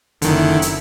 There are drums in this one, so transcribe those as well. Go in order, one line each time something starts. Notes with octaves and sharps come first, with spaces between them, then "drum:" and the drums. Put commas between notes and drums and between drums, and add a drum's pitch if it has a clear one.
F#1 D3 D#3 E4, drum: hi-hat
drum: hi-hat